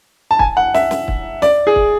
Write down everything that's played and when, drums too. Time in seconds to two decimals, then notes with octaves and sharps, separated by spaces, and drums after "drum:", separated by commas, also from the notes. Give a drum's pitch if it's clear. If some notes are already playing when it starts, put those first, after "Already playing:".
0.31 A5
0.39 G#5, drum: kick
0.57 F#5
0.74 E5, drum: snare
0.91 drum: snare
1.08 drum: kick
1.42 D5, drum: snare
1.67 G#4
1.76 drum: kick